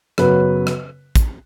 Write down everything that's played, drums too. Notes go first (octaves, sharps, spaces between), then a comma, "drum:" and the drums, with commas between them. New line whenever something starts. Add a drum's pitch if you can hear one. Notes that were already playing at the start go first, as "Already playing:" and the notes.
F#2 C#3 F#3 B3 B4, drum: rim click
drum: rim click
drum: kick, hi-hat